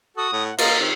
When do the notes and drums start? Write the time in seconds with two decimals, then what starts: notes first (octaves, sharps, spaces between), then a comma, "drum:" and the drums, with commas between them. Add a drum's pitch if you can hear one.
0.17 F#4 A4 D#6
0.32 A2 F#5
0.58 A#3 D#5 F5 C6 A6, drum: cymbal
0.80 D#3 C4